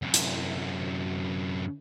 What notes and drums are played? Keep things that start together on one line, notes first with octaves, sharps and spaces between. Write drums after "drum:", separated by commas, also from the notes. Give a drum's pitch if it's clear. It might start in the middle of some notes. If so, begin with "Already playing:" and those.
F#2 C3
drum: hi-hat